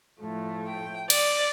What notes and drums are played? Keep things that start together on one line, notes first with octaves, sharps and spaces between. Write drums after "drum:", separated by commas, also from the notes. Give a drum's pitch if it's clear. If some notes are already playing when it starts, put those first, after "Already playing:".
A2 F3 A3
G5
D5, drum: cymbal